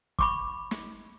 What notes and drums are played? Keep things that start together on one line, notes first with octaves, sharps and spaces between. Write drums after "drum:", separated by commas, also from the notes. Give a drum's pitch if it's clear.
B5 C#6 D6, drum: kick
drum: snare